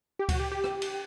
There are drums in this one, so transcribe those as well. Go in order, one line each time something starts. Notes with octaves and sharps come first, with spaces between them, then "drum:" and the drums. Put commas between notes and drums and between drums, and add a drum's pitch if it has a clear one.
G4
F#4, drum: kick C#2, cymbal
G4
G4
drum: rim click
drum: cymbal